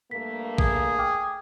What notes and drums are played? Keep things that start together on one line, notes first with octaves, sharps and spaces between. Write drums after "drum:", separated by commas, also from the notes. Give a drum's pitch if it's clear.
G2 A3 A#3 B6
G#4, drum: kick A#1
G5 D6 F6